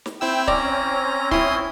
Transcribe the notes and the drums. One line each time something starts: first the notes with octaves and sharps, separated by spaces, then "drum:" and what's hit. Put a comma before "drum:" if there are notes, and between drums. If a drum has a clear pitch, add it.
drum: snare
C4 E4 G5 E6
C4 C#4 D5 A#5, drum: kick
E4 C6 D#6, drum: kick